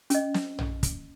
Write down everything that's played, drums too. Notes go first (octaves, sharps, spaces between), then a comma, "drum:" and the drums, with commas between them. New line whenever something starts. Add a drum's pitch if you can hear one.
C#4 D#5, drum: hi-hat
drum: snare
drum: tom A#1
drum: kick, hi-hat